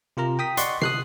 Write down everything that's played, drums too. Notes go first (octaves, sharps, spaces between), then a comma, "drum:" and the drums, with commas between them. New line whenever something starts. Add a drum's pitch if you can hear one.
C3 F4 A#4 A#5
G5 D#6 B6
D5 D#5 F#5 C6 C#6, drum: hi-hat
D#6 F#6 C7, drum: tom